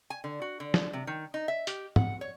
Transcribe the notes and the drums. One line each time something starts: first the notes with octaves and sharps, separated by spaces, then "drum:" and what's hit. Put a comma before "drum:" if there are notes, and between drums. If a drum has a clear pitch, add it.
G#5
D3
F#4
D3
drum: snare
C3
D#3
D#4
E5
G4, drum: hi-hat
F#5, drum: tom
C#5